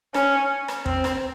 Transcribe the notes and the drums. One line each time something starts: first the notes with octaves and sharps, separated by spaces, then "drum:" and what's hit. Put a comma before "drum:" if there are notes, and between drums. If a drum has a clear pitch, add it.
C#4, drum: rim click
drum: rim click
C4, drum: kick
drum: rim click